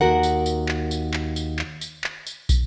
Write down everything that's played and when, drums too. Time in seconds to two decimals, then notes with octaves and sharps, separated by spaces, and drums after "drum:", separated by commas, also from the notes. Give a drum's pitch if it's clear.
0.01 D#2 F#4 A#4 F#5
0.23 drum: tambourine
0.46 drum: tambourine
0.68 drum: clap
0.91 drum: tambourine
1.14 drum: clap
1.36 drum: tambourine
1.59 drum: clap
1.81 drum: tambourine
2.04 drum: clap
2.27 drum: tambourine
2.49 drum: kick, tambourine